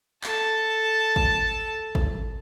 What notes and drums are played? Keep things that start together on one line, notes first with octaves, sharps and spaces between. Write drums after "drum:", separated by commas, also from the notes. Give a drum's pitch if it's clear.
A4 A5, drum: clap
drum: kick
drum: kick